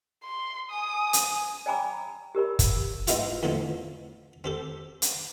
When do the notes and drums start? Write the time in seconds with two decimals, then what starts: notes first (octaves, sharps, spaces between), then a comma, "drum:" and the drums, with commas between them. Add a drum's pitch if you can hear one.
0.23 C6
0.71 G#5 D#6
1.13 drum: hi-hat
1.66 D5 G5 G#5 A#5 B5 D6
2.35 G4 A#4 D5 B5
2.59 drum: kick, hi-hat
3.07 G#2 G#3 B3 E4 F4 G4, drum: hi-hat
3.43 E2 A2 D3 F3 C4
4.44 C4 G4 A4
5.02 drum: hi-hat